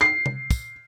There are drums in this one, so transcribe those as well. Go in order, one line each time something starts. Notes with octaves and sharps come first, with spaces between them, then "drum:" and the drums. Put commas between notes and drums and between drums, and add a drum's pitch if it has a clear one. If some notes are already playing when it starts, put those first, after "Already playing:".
C7
drum: tom C3
drum: kick, tambourine